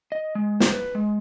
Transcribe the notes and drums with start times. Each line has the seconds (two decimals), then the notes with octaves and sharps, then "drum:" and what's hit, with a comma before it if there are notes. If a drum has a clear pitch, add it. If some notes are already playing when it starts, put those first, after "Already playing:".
0.12 D#5
0.35 G#3
0.60 C5, drum: snare
0.73 B4
0.95 G#3